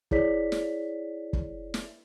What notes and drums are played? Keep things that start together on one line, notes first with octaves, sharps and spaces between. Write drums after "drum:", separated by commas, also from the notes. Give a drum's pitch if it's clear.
E4 G#4 C#5 D5 B6, drum: kick F#1
drum: snare
drum: kick F#1
drum: snare